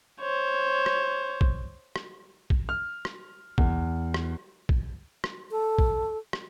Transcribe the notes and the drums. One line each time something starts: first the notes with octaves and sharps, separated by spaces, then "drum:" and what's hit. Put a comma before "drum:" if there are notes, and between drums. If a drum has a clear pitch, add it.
C5 C#5
drum: rim click
drum: kick
drum: rim click
drum: kick
F6
drum: rim click
E2, drum: kick
drum: rim click
drum: kick
drum: rim click
A4
drum: kick
drum: rim click